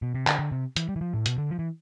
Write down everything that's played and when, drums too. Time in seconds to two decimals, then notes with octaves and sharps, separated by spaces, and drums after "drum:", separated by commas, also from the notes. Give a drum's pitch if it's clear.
0.02 B2
0.14 C3
0.27 D3, drum: clap
0.39 D3
0.52 C3
0.76 E3, drum: hi-hat
0.89 G3
0.96 E3
1.01 F3
1.14 A2
1.26 B2, drum: hi-hat
1.38 D3
1.50 F3
1.59 E3